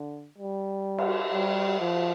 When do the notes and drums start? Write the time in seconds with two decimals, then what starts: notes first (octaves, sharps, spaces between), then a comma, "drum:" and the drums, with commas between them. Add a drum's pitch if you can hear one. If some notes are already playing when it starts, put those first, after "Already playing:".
Already playing: D3
0.38 G3
0.98 drum: cymbal
1.33 G3
1.81 F3